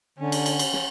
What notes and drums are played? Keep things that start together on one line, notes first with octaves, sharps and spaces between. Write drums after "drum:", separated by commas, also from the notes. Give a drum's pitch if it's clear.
D3 C#4
drum: cymbal
drum: cymbal
drum: cymbal
drum: snare